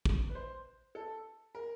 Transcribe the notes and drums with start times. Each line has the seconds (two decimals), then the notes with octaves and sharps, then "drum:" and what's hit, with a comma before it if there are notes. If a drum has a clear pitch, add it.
0.05 drum: kick
0.29 B4
0.35 C5
0.95 A4
1.55 A#4